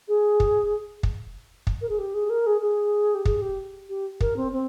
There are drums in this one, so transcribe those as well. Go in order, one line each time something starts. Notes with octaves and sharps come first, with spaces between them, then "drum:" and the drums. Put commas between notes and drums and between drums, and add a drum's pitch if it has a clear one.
G#4
drum: kick
drum: kick
drum: kick
A#4
G#4
G4
G#4
A#4
G#4
G#4
G4
G#4, drum: kick
G4
G4
A#4, drum: kick
C4
C4